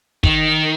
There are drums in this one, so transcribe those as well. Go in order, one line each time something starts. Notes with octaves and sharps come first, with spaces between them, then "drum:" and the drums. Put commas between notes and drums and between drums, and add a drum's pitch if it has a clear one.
D#3, drum: kick